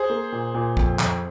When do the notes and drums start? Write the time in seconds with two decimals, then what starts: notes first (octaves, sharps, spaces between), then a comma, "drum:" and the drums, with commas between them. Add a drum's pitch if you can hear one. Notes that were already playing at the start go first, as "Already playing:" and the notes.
Already playing: G#4 C5
0.09 A#3
0.32 A#2
0.55 A#2
0.77 F2, drum: kick
0.99 F2, drum: clap